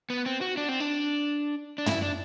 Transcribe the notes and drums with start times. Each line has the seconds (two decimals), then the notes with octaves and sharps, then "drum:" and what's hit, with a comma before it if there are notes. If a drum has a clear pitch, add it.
0.10 B3
0.26 C4
0.41 F#4
0.57 D4
0.69 C4
0.80 D4
1.78 D4
1.86 E4, drum: tom
2.02 D4